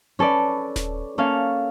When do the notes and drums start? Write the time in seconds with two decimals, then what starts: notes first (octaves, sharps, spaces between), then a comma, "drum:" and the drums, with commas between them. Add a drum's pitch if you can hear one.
0.19 C#4 A4 B4 D5
0.76 drum: snare D#1
1.18 A#3 C#4 A4 F5